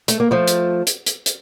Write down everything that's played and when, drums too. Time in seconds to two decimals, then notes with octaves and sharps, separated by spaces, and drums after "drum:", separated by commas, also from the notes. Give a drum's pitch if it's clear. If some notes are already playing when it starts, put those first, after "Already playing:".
0.08 A3, drum: hi-hat
0.20 A#3
0.31 F3 A3
0.48 drum: hi-hat
0.87 drum: hi-hat
1.06 drum: hi-hat
1.26 drum: hi-hat